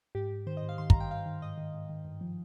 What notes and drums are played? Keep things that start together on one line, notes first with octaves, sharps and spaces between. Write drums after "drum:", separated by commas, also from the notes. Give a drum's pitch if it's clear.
G#2 G4
G#2
D#3 C5
D#5
G#2
F5
D#3 C6
G2 A#5, drum: kick
G5
G2 F5
D#3
G#2 D#5
D#3
G#2
D#3
G2
F3